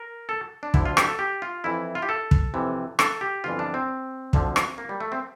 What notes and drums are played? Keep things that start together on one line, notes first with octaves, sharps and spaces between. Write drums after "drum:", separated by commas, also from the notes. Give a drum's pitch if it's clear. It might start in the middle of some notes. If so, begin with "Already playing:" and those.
Already playing: A#4
A4
D4
D2 D3 F3 E4, drum: kick
F4
G4, drum: rim click
A4
G4
F4
F2 E3 E4
F4
G4
A4
drum: kick
F2 C3 E3
A4, drum: rim click
G4
G1 F2 E3 F4
D4
C4
D2 D3 F3, drum: kick
drum: rim click
A#3
G3
A3
C4